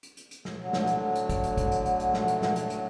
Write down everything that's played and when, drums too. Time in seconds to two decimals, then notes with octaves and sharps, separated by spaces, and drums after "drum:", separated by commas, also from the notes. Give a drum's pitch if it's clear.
0.03 drum: hi-hat
0.17 drum: hi-hat
0.31 drum: hi-hat
0.45 drum: snare
0.59 A2 D3 F#3
0.73 drum: snare
0.87 drum: hi-hat
1.15 drum: hi-hat
1.29 drum: kick, hi-hat
1.44 drum: hi-hat
1.58 drum: kick, hi-hat
1.72 drum: hi-hat
1.86 drum: hi-hat
2.00 drum: hi-hat
2.14 drum: snare
2.28 drum: hi-hat
2.42 drum: snare
2.56 drum: hi-hat
2.70 drum: hi-hat